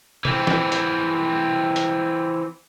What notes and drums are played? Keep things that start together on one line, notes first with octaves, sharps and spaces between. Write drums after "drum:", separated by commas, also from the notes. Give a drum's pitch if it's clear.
E3 C4, drum: tom
drum: snare
drum: hi-hat
drum: hi-hat